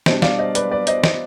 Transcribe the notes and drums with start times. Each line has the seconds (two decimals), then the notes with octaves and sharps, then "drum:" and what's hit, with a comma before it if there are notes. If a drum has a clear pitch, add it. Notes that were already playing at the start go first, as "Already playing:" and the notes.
0.06 B2 G3 D4 C5 D#5, drum: snare
0.22 D5 F5, drum: snare
0.38 C5 D#5
0.55 B4 D5, drum: hi-hat
0.71 B4 D5
0.87 C5 D#5, drum: hi-hat
1.04 C5 D#5, drum: snare